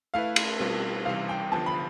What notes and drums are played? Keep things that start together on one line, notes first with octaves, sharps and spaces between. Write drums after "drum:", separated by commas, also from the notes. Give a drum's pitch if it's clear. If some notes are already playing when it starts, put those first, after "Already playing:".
A3 E4 B4 F5
drum: cymbal
B2 G3 C4 F4 B4
C3 E3 G3 F5
G5
D3 F3 B3 A5
B5